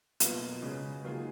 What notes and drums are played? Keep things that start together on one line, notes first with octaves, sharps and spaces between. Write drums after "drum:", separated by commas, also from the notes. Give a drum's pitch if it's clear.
B2 F#3 A#3 F4, drum: hi-hat
C#3 G#3 C#4 G#4 B4
D#3 F#3 A#3 F4 G#4